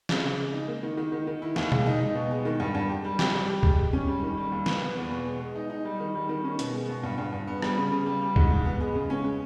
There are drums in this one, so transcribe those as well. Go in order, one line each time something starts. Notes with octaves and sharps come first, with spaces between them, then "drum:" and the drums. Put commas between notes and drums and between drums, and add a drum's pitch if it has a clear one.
C#3, drum: snare
C#3
G#3
D#4
A#3
D#3
D#3
D#3
D#3
E4
D#2, drum: snare
G#3, drum: tom B2
D#4
D#4
B2
G#3
D#3
G2
G2
G4
G3
G4, drum: snare
G3
G4
G#3, drum: kick
G#3
C#4
G3
D#3
G3
D#2
B3, drum: snare
B3
E2
B2
G#3
G#3
D#4
D#4
G3
D#3
G3
D#3
C#4
B2, drum: hi-hat
G#3
B2
G2
G2
G2
B3
G3, drum: rim click
C#3
C#3
G3
G3
G#2, drum: kick
G#2
B3
G#3
C#3
C#4
G#3